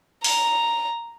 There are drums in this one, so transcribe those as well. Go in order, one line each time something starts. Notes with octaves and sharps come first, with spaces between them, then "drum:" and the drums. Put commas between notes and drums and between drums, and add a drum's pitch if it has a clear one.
A#5, drum: open hi-hat